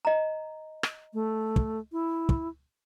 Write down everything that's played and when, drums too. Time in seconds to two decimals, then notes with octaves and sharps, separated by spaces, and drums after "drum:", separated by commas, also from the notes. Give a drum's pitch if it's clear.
0.05 D#5 A#5
0.83 drum: rim click
1.14 A3
1.56 drum: kick
1.92 E4
2.29 drum: kick